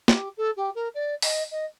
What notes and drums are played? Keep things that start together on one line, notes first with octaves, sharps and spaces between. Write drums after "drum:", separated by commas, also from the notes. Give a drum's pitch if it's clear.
G4, drum: snare
A4
G4
A#4
D5
D#5, drum: open hi-hat
D#5